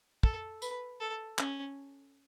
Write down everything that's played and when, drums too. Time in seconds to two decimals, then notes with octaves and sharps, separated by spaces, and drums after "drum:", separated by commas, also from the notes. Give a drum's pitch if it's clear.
0.23 A4, drum: kick
0.62 B4, drum: tambourine
1.00 A4
1.38 C#4, drum: clap